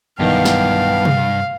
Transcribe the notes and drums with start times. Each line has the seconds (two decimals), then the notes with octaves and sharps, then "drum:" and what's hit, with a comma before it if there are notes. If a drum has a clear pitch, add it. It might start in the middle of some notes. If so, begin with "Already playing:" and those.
0.19 B1 G2 D#3 E3 B3 F5 G5 A5
0.45 drum: snare
1.05 drum: tom C3